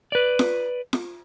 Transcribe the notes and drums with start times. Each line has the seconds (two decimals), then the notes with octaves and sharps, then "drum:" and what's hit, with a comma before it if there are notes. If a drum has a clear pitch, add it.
0.12 B4 D5
0.39 drum: snare F4
0.93 drum: snare F4